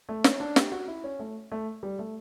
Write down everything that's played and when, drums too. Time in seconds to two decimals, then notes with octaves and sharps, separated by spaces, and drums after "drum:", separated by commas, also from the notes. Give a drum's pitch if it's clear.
0.09 A3
0.24 C#4, drum: snare
0.40 D4
0.56 G4, drum: snare
0.72 F#4
0.88 E4
1.04 C#4
1.19 A3
1.52 A3
1.83 G3
1.99 A3